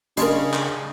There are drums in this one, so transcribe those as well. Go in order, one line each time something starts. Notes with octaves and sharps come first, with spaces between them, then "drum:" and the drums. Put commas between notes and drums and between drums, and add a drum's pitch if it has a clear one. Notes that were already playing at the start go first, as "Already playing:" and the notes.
C#3 D4 G4 A#4 D#5 A5 C6, drum: hi-hat
drum: clap